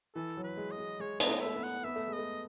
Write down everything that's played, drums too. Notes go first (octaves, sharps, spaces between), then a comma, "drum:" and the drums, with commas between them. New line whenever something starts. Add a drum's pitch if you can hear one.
E3 A4
F#3
B4
G#3
D#5
G#3
G#3 C#5
B3 D#5, drum: hi-hat
A3
A3 E5
B3
F#5
B3 E5
A3
G#3
D#5
A3